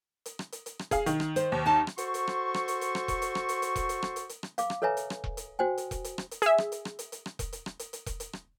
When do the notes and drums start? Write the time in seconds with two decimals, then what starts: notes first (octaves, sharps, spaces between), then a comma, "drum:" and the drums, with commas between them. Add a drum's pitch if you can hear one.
0.26 drum: hi-hat
0.39 drum: rim click
0.52 drum: hi-hat
0.66 drum: hi-hat
0.79 drum: rim click
0.91 G#4 F5, drum: kick E1, hi-hat
1.06 D#3, drum: hi-hat
1.20 drum: rim click
1.36 C5, drum: hi-hat
1.52 D#2
1.66 D#4 A5
1.87 drum: rim click
1.98 F#4 A4 C5 C6 C#6, drum: hi-hat
2.14 drum: hi-hat
2.27 drum: rim click
2.54 drum: rim click
2.68 drum: hi-hat
2.81 drum: hi-hat
2.95 drum: rim click
3.08 drum: kick E1, hi-hat
3.22 drum: hi-hat
3.35 drum: rim click
3.49 drum: hi-hat
3.62 drum: hi-hat
3.76 drum: kick E1, hi-hat
3.89 drum: hi-hat
4.02 drum: rim click
4.16 drum: hi-hat
4.29 drum: hi-hat
4.43 drum: rim click
4.58 F5 D6, drum: hi-hat
4.70 drum: rim click
4.82 A4 B4 C#5 E5 G#5 A#5
4.97 drum: hi-hat
5.10 drum: rim click
5.24 drum: kick E1
5.37 drum: hi-hat
5.59 F#4 C5 G5 G#5
5.78 drum: hi-hat
5.91 drum: kick E1, hi-hat
6.04 drum: hi-hat
6.18 drum: rim click
6.31 drum: hi-hat
6.42 G#4 E5, drum: hi-hat
6.58 drum: rim click
6.72 drum: hi-hat
6.85 drum: rim click
6.99 drum: hi-hat
7.12 drum: hi-hat
7.26 drum: rim click
7.39 drum: kick E1, hi-hat
7.53 drum: hi-hat
7.66 drum: rim click
7.79 drum: hi-hat
7.93 drum: hi-hat
8.06 drum: kick E1, hi-hat
8.20 drum: hi-hat
8.33 drum: rim click